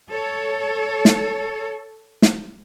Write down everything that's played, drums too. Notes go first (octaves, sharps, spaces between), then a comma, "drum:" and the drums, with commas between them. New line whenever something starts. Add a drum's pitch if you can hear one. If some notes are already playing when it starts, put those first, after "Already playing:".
A4 C#5
drum: snare
drum: snare